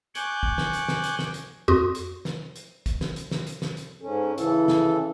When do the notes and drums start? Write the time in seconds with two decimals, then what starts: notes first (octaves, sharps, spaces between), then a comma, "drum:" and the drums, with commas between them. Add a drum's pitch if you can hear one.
0.15 G#5 C#6 D6 F#6 G6, drum: hi-hat
0.43 drum: kick
0.58 drum: snare
0.73 drum: hi-hat
0.88 drum: snare
1.04 drum: hi-hat
1.19 drum: snare
1.34 drum: hi-hat
1.68 F2 F#4 C6 D#6
1.95 drum: hi-hat
2.25 drum: snare
2.56 drum: hi-hat
2.86 drum: kick, hi-hat
3.01 drum: snare
3.16 drum: hi-hat
3.31 drum: snare
3.47 drum: hi-hat
3.62 drum: snare
3.77 drum: hi-hat
4.02 G#2 C#4 A4
4.38 C#3 E3 E4 A4, drum: hi-hat
4.68 drum: snare